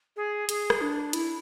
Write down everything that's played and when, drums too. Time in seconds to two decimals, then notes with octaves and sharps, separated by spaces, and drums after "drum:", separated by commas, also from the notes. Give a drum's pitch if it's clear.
0.16 G#4
0.49 G#4, drum: hi-hat
0.70 drum: rim click
0.81 D4
1.13 E4, drum: hi-hat